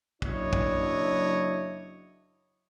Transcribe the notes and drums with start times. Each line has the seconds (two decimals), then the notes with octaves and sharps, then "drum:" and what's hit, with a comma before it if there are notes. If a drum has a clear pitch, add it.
0.22 F#1 F#3 D4 E4 C#5 D#5, drum: kick
0.53 drum: kick